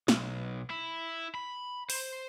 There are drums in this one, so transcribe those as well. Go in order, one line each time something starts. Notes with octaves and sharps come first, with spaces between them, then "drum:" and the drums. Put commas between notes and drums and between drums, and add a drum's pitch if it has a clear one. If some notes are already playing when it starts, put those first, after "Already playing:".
B1, drum: snare
E4
B5
C5, drum: open hi-hat